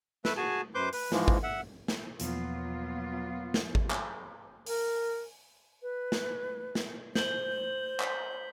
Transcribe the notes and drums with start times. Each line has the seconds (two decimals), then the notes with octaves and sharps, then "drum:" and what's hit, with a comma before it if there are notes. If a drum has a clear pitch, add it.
0.25 A3 B4 E5, drum: snare
0.37 F#4 G#4 G#5 A5
0.75 F#2 B4 C5 C6 D6 G6
0.93 B4, drum: open hi-hat
1.12 G#2 E3 F3 G#3, drum: snare
1.28 drum: kick G#1
1.43 E5 F#5
1.88 drum: snare
2.20 E2 B2 F3 F#3 A#3 B3 F4, drum: hi-hat
3.54 drum: snare
3.75 drum: kick G#1
3.91 drum: clap
4.66 A#4, drum: open hi-hat
5.82 B4
6.12 drum: snare
6.75 drum: snare
7.15 C5 G6 F#7 G7, drum: snare
8.00 B6, drum: clap